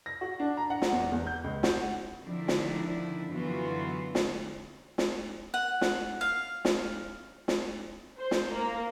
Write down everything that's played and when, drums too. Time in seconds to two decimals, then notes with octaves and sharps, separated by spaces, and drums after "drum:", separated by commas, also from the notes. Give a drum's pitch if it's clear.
0.06 A#6
0.21 F#4
0.40 D4
0.57 A#5
0.70 F#5
0.82 drum: snare
0.92 E2
1.12 E2
1.27 G6
1.44 C#2
1.63 F#4, drum: snare
2.23 D3 D#3 F3 C4 D4 E4
2.48 drum: snare
3.29 F#2 D3 E3 B3 F4 F#4
4.15 drum: snare
4.98 drum: snare
5.54 F#5
5.81 drum: snare
6.21 F5
6.65 drum: snare
7.48 drum: snare
8.18 C5
8.31 drum: snare
8.51 A#3